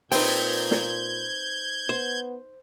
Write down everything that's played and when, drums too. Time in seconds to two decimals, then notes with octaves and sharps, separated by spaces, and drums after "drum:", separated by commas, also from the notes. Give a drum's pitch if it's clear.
0.12 A#2 C4 D#4 B4 G5 G6 G#6, drum: open hi-hat
0.71 drum: snare
1.89 B3 C5